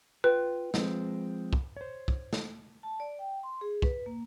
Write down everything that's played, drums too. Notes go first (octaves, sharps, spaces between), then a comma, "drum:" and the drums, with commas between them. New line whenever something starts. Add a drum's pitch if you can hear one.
F4 B4 G5
F3 G#3 C4, drum: snare
drum: kick
C5 C#5
drum: kick
drum: snare
A5
D5
G5
C6
G#4
B4, drum: kick
A#3